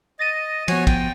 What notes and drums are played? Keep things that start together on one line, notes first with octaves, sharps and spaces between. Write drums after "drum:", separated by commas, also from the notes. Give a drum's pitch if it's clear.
D#5 A6 A#6 D#7
F3 B3 F#4 C#5 G#5, drum: cymbal
G5, drum: kick, cymbal